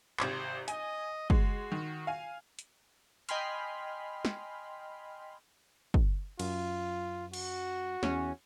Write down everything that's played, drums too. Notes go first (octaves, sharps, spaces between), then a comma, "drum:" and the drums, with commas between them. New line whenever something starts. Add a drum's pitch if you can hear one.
G#1 C3 C5 G#6, drum: clap
D#5 G#5, drum: hi-hat
G#3 F#4, drum: kick
D#3
F5 G#5
drum: hi-hat
D#5 G5 G#5 B5 C6 F6, drum: hi-hat
drum: snare
drum: kick
F#2 F4, drum: cymbal
F#4, drum: cymbal
E2 C#4, drum: snare